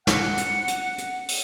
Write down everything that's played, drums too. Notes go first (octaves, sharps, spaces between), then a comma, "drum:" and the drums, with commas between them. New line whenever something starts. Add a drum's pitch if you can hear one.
F#5, drum: snare
drum: hi-hat
drum: hi-hat
drum: hi-hat
drum: open hi-hat